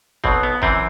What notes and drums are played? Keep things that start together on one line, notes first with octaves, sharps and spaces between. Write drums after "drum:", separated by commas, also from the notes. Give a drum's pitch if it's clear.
B1 B2 F#3 C4, drum: kick
B3
F#2 E3 C4, drum: kick